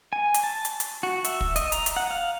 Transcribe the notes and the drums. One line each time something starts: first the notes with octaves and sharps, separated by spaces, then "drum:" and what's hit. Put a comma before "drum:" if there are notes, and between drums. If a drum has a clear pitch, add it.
G#5
drum: hi-hat
A5
drum: hi-hat
drum: hi-hat
F#4
E5, drum: hi-hat
drum: kick
D#5, drum: hi-hat
A#5, drum: hi-hat
drum: hi-hat
F#5
F5